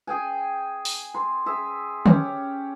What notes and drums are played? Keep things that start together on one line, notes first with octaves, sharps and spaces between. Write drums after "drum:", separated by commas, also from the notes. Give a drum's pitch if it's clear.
G#4 G5 G#5
drum: open hi-hat
C6
G#4 E5
C#4 G4, drum: tom